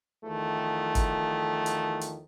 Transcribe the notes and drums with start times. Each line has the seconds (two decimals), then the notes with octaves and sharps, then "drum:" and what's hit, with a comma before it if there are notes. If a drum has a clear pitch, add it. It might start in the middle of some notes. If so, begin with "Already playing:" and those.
0.24 E2 D#3 F3 A3
0.95 drum: kick, hi-hat
1.66 drum: hi-hat
2.01 drum: hi-hat